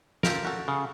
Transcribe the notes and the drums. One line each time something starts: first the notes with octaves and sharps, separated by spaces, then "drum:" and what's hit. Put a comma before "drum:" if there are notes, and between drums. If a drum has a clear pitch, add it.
F4 G4 A4 A#4, drum: snare
F#4 A4
C#3